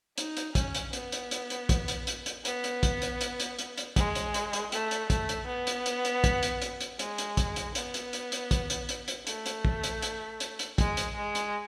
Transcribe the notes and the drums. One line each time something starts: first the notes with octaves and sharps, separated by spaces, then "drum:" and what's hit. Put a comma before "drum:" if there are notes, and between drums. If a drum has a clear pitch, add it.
D#4, drum: hi-hat
drum: hi-hat
C#4, drum: kick, hi-hat
drum: hi-hat
B3, drum: hi-hat
drum: hi-hat
drum: hi-hat
drum: hi-hat
drum: kick, hi-hat
drum: hi-hat
drum: hi-hat
drum: hi-hat
B3, drum: hi-hat
drum: hi-hat
drum: kick, hi-hat
drum: hi-hat
drum: hi-hat
drum: hi-hat
drum: hi-hat
drum: hi-hat
G#3, drum: kick, hi-hat
drum: hi-hat
drum: hi-hat
drum: hi-hat
A3, drum: hi-hat
drum: hi-hat
A3, drum: kick, hi-hat
drum: hi-hat
B3
drum: hi-hat
drum: hi-hat
drum: hi-hat
drum: kick, hi-hat
drum: hi-hat
drum: hi-hat
drum: hi-hat
G#3, drum: hi-hat
drum: hi-hat
drum: kick, hi-hat
drum: hi-hat
B3, drum: hi-hat
drum: hi-hat
drum: hi-hat
drum: hi-hat
drum: kick, hi-hat
drum: hi-hat
drum: hi-hat
drum: hi-hat
A3, drum: hi-hat
drum: hi-hat
drum: kick
drum: hi-hat
drum: hi-hat
drum: hi-hat
drum: hi-hat
G#3, drum: kick, hi-hat
drum: hi-hat
G#3
drum: hi-hat